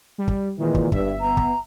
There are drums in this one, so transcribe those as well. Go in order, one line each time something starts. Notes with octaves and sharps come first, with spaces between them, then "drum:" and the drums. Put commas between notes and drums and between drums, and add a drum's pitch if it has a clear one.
G3
drum: kick
A#2 D#3 E3 G#3
drum: kick
G1 G2 E5, drum: kick
B3 A#5
drum: kick